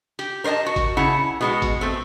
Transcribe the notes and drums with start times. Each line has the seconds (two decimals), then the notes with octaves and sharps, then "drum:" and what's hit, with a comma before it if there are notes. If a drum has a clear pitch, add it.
0.19 G4, drum: hi-hat
0.44 A#4 C5 D5 D#5 A5
0.66 F#4
0.76 drum: kick G#1, hi-hat
0.97 C#3 E4 F#5 A5
1.41 B2 G#3 F#4
1.62 drum: kick G#1, hi-hat
1.81 A3 C4